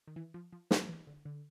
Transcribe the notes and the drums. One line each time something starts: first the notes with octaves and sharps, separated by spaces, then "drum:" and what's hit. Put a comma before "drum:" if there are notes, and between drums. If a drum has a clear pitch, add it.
D#3
E3
F3
F3
E3, drum: snare
F3
E3
D3
D3